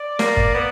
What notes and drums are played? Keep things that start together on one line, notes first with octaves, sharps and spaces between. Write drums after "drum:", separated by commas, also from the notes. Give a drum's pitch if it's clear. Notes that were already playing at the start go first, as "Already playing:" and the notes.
Already playing: D5
A#3, drum: snare
drum: kick
B3